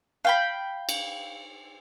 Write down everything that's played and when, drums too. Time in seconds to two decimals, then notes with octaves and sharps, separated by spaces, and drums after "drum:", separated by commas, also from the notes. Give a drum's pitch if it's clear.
0.25 F5 G5 B5
0.89 drum: cymbal